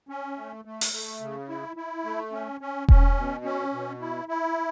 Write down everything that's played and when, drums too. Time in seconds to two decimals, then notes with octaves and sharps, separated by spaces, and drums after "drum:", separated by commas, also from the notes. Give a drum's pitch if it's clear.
0.09 C#4
0.37 A3
0.65 A3
0.81 drum: open hi-hat
0.93 A3
1.21 C#3
1.49 E4
1.76 E4
2.05 A3
2.33 C#4
2.61 C#4
2.88 C#4, drum: kick E1
3.17 B2
3.45 C#4
3.73 B2
4.01 E4
4.28 E4